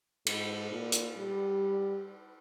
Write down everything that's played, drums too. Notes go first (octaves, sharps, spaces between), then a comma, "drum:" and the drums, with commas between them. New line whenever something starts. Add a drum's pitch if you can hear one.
G#2, drum: cymbal
A#2
drum: hi-hat
G3